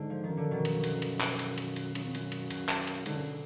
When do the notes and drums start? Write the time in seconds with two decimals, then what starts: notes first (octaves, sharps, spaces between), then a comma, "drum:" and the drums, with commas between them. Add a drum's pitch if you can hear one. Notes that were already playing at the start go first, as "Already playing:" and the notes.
Already playing: G#2 D3
0.10 F3
0.24 F#2 D#3
0.37 D3
0.51 F#2 B2 D#3
0.65 drum: cymbal
0.84 drum: cymbal
1.02 drum: cymbal
1.21 drum: clap
1.39 drum: cymbal
1.58 drum: cymbal
1.76 drum: cymbal
1.95 F#2, drum: cymbal
2.05 F2
2.15 F#2, drum: cymbal
2.32 drum: cymbal
2.50 B2, drum: cymbal
2.69 drum: clap
2.87 drum: cymbal
3.06 G#2 D3, drum: cymbal
3.15 F#2